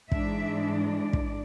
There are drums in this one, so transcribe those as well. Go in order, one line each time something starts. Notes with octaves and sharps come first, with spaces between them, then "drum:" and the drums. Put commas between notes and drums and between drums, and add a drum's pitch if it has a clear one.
G#2 E3 G#3 D4 E5, drum: kick
D5
drum: kick